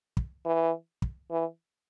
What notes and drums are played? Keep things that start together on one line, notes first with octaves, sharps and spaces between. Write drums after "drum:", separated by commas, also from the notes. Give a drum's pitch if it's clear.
drum: kick
E3
drum: kick
E3